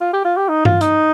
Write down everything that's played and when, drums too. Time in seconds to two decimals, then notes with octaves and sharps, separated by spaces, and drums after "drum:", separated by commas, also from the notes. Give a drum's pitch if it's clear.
0.01 F4
0.13 G4
0.25 F4
0.37 G4
0.49 D#4
0.65 F4, drum: tom G2
0.81 D#4, drum: hi-hat